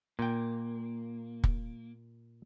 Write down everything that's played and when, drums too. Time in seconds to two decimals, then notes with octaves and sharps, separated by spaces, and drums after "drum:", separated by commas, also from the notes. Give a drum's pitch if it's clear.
0.19 A#2 A#3 G5
1.44 drum: kick